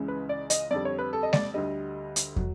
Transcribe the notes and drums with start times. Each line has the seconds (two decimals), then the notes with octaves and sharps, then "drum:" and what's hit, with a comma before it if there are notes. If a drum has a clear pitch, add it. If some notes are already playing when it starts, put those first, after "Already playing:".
Already playing: C#2 C#3 E3 G#3
0.08 B4
0.29 D5
0.50 D#5, drum: hi-hat
0.71 F2 D3 G3 D5
0.85 C#5
0.99 B4
1.13 A4
1.23 D#5
1.33 D5, drum: snare G#3
1.54 D2 D3 G3 D#5
2.16 drum: hi-hat
2.36 F#3, drum: kick